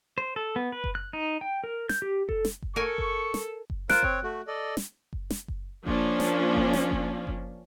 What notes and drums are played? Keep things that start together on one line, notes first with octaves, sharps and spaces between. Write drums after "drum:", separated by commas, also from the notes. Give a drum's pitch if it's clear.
C5
A4
B3
B4
drum: kick F#1
F#6
D#4
G5
A#4
G6, drum: snare
G4
A4, drum: kick F#1
drum: snare
drum: kick F#1
A4 A#4 G#5 C#6
drum: kick F#1
drum: snare
drum: kick F#1
F4 A#4 C5 F#6 D7, drum: snare
C4 C#5, drum: kick F#1
A3 F#4
A4 D5 D#5
drum: snare
drum: kick F#1
drum: snare
drum: kick F#1
F3 A#3 C#4 D4 F4, drum: kick F#1
drum: snare
drum: kick F#1
drum: snare
drum: kick F#1
drum: kick F#1